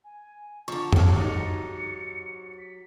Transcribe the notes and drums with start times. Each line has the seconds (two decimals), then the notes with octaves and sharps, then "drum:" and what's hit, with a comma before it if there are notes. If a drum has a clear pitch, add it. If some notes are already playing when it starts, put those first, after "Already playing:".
0.03 G#5
0.68 D3 F3 A#5 C#6
0.93 E2 F#3 G4 A4, drum: tom F2
1.20 G#2 D#4 C#7
2.58 B6